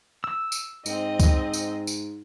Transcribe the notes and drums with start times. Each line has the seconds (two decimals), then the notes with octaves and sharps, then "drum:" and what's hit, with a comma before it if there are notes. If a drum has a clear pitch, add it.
0.24 E6
0.52 drum: tambourine
0.86 G#2 C4 D#5, drum: tambourine
1.20 drum: kick C#2, tambourine
1.53 drum: tambourine
1.87 drum: tambourine